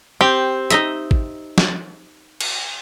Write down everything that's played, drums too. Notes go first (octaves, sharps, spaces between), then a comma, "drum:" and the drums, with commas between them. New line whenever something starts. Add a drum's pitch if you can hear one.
C4 G4
D#4 D#5 E5, drum: hi-hat
drum: kick
drum: snare
drum: cymbal